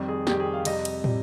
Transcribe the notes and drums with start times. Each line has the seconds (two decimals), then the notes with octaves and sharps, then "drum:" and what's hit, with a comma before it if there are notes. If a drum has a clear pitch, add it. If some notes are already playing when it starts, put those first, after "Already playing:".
Already playing: F2 D#3 G3
0.08 G#4
0.27 F2 D#3 G3 G4, drum: snare
0.40 G#4
0.54 F5
0.65 F2 C3 G3 D#5, drum: cymbal
0.85 drum: cymbal
1.04 C3 G3, drum: tom